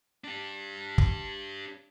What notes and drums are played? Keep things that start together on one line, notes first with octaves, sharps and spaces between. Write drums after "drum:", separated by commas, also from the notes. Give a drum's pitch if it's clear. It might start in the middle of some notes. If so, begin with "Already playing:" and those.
D4 G4
drum: kick